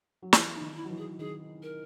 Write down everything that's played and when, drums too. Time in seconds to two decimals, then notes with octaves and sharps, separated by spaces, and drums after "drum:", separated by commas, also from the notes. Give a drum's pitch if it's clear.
0.22 F#3
0.33 E3 E4, drum: snare
0.54 D#4
0.61 D#3
0.75 E4
0.84 F#3
0.91 E3
0.97 G#4
1.19 D#3 G#4
1.62 A#4